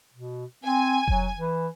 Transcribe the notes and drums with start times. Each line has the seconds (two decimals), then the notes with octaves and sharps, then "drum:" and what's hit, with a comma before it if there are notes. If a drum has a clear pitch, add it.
0.14 B2
0.64 C4 G#5
1.08 F#3, drum: kick F1
1.38 E3